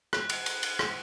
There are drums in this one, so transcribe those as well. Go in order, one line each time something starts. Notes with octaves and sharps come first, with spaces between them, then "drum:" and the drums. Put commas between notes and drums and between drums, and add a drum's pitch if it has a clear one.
F#6, drum: rim click
drum: cymbal
drum: cymbal
drum: cymbal
drum: rim click